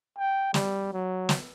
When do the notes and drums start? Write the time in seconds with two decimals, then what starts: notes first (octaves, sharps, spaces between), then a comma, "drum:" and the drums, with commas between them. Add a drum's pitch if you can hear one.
0.18 G5
0.54 G3, drum: snare
0.93 F#3
1.29 drum: snare